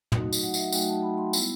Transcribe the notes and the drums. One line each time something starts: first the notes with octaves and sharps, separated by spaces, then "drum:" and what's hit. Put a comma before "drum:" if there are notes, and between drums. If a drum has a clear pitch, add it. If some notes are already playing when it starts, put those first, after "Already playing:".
F#3 A3 D#4 F#4 D#5, drum: tom
drum: tambourine
F#5
E5, drum: tambourine
F#5
F#3 A3 D#4 F#4 G5, drum: tambourine
A5
B5
C6
G3 B3 E4, drum: tambourine